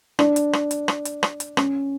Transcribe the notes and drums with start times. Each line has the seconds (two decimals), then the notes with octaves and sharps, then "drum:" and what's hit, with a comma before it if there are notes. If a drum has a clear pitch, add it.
0.19 D4, drum: rim click
0.36 drum: hi-hat
0.53 drum: rim click
0.71 drum: hi-hat
0.88 drum: rim click
1.05 drum: hi-hat
1.23 drum: rim click
1.40 drum: hi-hat
1.57 C#4, drum: rim click